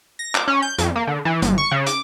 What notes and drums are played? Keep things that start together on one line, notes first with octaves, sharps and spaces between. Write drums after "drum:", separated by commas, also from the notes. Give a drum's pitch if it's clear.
A#6
D6, drum: clap
C#4
G6
F2, drum: hi-hat
A#3
D3
E3
G1, drum: hi-hat
C#6
C#3
D6, drum: hi-hat